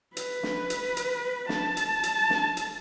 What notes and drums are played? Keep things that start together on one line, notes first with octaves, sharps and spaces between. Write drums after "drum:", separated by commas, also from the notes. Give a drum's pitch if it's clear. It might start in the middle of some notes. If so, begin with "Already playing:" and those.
B4, drum: hi-hat
drum: snare
drum: hi-hat
drum: hi-hat
A5, drum: snare
drum: hi-hat
drum: hi-hat
drum: snare
drum: hi-hat